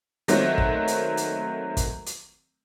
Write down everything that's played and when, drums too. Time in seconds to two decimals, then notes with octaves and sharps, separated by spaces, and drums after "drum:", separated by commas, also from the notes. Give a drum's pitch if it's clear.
0.28 D#3 F#3 A3 A#3 C4, drum: hi-hat
0.58 drum: kick
0.88 drum: hi-hat
1.17 drum: hi-hat
1.77 drum: kick, hi-hat
2.06 drum: hi-hat